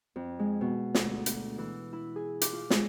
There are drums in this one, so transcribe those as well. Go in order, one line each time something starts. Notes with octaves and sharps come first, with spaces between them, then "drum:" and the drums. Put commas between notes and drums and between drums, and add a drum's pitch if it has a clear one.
F2
G#3
B2
D2, drum: snare
drum: hi-hat
E3
E4
G#4
D6, drum: hi-hat
F4
G#3, drum: snare